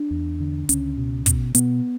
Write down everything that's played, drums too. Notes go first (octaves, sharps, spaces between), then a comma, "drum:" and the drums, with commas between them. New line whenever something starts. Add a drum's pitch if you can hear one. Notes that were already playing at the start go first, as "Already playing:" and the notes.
Already playing: D4
E2
D3
C#2 C#4, drum: hi-hat
B2
B2, drum: kick, hi-hat
B2 B3, drum: hi-hat